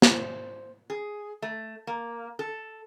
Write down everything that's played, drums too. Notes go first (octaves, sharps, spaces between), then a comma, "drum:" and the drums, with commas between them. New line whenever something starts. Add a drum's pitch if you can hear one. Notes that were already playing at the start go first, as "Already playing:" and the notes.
C5, drum: snare
G#4
A3
A#3
A4